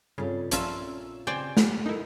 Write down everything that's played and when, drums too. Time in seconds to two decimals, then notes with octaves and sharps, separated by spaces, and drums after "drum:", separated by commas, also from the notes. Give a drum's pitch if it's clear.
0.18 G2 C#3 C4 F4 A4 C#5
0.51 A#1 A#2 C#4 F4 E5 A5 E6, drum: hi-hat
1.27 C#3 C4 C5 D5 G5 G#5
1.57 G4, drum: snare
1.86 D#4 E4 A4 A#4